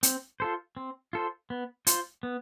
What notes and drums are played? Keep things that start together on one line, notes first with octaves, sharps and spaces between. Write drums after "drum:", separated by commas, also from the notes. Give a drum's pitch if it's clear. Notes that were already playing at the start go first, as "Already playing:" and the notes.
C4, drum: hi-hat
F4 A4 C5
C4
F4 A4 C5
B3
F4 C5, drum: hi-hat
B3